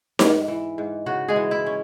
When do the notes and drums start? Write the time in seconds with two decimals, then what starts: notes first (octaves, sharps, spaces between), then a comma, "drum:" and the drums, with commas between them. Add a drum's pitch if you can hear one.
0.19 G#2, drum: snare D#4
0.48 E3
0.78 G#2
1.06 C#3 F#4
1.28 G#3 G#4
1.36 E3
1.51 E4
1.66 C#4